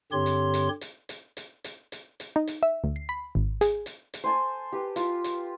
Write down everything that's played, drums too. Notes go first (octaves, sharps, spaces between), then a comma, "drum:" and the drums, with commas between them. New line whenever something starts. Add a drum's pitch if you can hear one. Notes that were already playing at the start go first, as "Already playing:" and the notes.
G2 D3 C4 G4 C#5 C6
drum: hi-hat
drum: hi-hat
drum: hi-hat
drum: hi-hat
drum: hi-hat
drum: hi-hat
drum: hi-hat
drum: hi-hat
D#4
drum: hi-hat
E5
D2
C7
B5
G#1
G#4, drum: hi-hat
drum: hi-hat
drum: hi-hat
C5 G#5 A5
G4 B4
F4, drum: hi-hat
drum: hi-hat